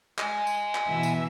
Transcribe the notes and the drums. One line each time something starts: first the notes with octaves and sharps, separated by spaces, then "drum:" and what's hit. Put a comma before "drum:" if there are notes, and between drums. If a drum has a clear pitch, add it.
D#5 G#5, drum: clap
drum: tambourine
drum: clap
B2 E3 E5
drum: tambourine